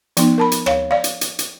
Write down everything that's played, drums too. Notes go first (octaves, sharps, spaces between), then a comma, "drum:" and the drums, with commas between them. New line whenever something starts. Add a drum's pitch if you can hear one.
F3 B3 D#4, drum: hi-hat
A#4 A5 B5
drum: hi-hat
C#5 F5, drum: rim click
D5 F5
drum: hi-hat
drum: hi-hat
drum: hi-hat